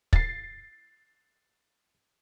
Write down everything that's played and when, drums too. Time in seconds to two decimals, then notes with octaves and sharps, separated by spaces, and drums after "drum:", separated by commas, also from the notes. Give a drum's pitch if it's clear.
0.13 A6 C7, drum: kick